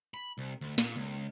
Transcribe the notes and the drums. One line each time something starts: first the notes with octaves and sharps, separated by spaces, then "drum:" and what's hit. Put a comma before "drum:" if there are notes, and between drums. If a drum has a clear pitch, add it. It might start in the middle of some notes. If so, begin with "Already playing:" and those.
B5
C2
D2
A#2, drum: snare
C#2